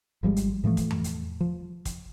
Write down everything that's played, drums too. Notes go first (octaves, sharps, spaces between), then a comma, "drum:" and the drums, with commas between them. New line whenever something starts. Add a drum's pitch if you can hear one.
G#1 F3 G3 G#3
drum: hi-hat
A2 E3 F3 A3
drum: kick, hi-hat
drum: tom F2
drum: hi-hat
F3
drum: kick, hi-hat